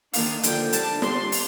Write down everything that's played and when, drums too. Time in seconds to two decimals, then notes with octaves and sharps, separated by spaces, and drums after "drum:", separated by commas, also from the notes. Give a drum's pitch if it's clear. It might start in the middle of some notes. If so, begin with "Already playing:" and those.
0.13 D#3 A#3 D4 F5, drum: open hi-hat
0.43 D3 F3 A#3 G5, drum: hi-hat
0.73 D3 G3 D4 A5, drum: hi-hat
1.02 G3 A#3 D4 C6, drum: snare
1.32 drum: open hi-hat